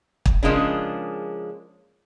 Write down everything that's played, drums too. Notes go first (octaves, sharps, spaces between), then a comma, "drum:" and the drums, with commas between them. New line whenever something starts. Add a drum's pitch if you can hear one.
drum: kick
C#3 F3 G#3 A#3 C#4 D4